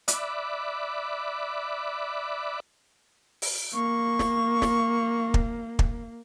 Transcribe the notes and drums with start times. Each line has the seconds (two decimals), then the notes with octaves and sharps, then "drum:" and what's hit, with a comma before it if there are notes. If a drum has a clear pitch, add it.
0.08 D5 E5 B5 D6 F#6, drum: hi-hat
3.42 drum: open hi-hat
3.74 A#3 C#6
4.19 drum: snare
4.62 drum: snare
5.34 drum: kick
5.79 drum: kick